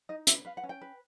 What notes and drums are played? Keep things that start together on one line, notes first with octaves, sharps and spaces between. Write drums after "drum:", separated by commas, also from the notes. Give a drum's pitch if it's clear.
D#4 D#5
B4 E5, drum: hi-hat
B4 F5
F#5
C#4
G5
B4